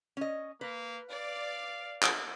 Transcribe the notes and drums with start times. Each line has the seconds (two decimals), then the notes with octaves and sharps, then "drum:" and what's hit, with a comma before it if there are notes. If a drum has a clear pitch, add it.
0.17 C#4 D#5
0.61 A#3 B4
1.10 D5 F5
2.03 drum: clap